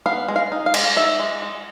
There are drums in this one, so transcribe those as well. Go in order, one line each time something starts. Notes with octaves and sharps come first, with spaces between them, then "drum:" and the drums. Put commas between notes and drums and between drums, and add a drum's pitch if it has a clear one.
B3 F5
G#3
F5
D#4
F5
G#3, drum: cymbal
D#4 E5
G#3
G#3